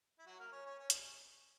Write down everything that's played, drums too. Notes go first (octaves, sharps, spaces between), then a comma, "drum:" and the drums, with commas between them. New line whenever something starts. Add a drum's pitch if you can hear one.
E4
F#3 F#4
A#3 A#4
C#4 C#5
C#4 C#5
C#4 C#5
drum: hi-hat